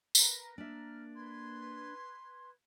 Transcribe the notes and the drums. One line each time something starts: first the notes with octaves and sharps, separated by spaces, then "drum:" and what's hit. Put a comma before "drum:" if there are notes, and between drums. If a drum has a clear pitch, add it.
A#4 B4, drum: tambourine
A#3 D4 A#4 E5 F6
B4 C6 G#6